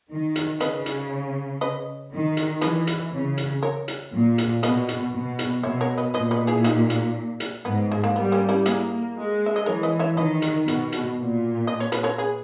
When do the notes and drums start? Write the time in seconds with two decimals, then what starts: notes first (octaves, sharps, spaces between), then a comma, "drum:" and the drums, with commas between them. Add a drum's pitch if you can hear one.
0.11 D#3
0.36 drum: hi-hat
0.60 C#3 B4 D#5, drum: hi-hat
0.86 drum: hi-hat
1.61 B4 D#5
2.12 D#3
2.37 drum: hi-hat
2.61 E3 B4 D#5, drum: hi-hat
2.87 drum: hi-hat
3.12 C#3
3.37 drum: hi-hat
3.63 A#4 C#5
3.88 drum: hi-hat
4.13 A#2
4.38 drum: hi-hat
4.63 B2 B4 D#5, drum: hi-hat
4.88 drum: hi-hat
5.14 B2
5.39 drum: hi-hat
5.63 B2 C#5 E5
5.81 A#4 C#5
5.98 B4 D#5
6.14 A#2 B4 D#5
6.31 B4 D#5
6.47 E4 G#4
6.64 D#4 G4, drum: hi-hat
6.90 drum: hi-hat
7.40 drum: hi-hat
7.65 G#2 B3
7.92 G#3
8.04 A#3
8.16 G3 B3
8.32 A#3 C#4
8.49 C#4 E4
8.66 A#3 E4 G#4, drum: hi-hat
9.16 G#3
9.46 E5
9.56 D#5
9.66 E3 A#4 C#5
9.83 B4 D#5
9.99 C#5 E5
10.17 D#3 B4 D#5
10.42 drum: hi-hat
10.68 B2, drum: hi-hat
10.92 drum: hi-hat
11.17 A#2
11.67 D#5
11.80 C#5
11.92 B4, drum: hi-hat
12.03 A#4 C#5
12.18 G#4 B4